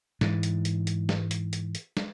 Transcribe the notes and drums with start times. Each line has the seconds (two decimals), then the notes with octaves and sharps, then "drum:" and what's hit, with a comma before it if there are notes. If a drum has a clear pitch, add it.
0.21 G#2 E3, drum: snare
0.43 drum: hi-hat
0.65 drum: hi-hat
0.87 drum: hi-hat
1.09 drum: snare
1.31 drum: hi-hat
1.53 drum: hi-hat
1.75 drum: hi-hat
1.97 drum: snare